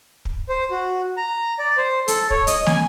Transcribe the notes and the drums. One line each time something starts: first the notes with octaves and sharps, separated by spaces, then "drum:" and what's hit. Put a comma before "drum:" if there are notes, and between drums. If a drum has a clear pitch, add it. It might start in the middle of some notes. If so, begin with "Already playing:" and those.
drum: kick
C5
F#4
A#5
D5
C5
A4, drum: hi-hat
C#5, drum: kick
D#5, drum: hi-hat
G#5, drum: snare